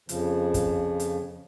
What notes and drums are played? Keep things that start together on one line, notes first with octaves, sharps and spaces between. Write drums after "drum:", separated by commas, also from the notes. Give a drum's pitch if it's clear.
F2 C#3 F3, drum: hi-hat
drum: kick, hi-hat
drum: hi-hat